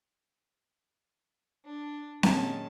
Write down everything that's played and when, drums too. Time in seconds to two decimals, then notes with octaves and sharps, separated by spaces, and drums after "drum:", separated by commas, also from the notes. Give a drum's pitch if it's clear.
1.65 D4
2.23 F#2 A#2 D#3 G#3 C#4 A5, drum: snare C4